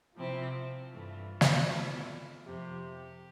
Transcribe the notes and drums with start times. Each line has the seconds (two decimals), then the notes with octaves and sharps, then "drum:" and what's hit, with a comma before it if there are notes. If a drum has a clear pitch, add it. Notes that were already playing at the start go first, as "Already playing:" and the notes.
0.16 C3 F3 C4 E4 F4
0.93 G2 E3 A3
1.41 drum: snare
1.69 B2 A3 C4 E4
2.45 F2 C3 G4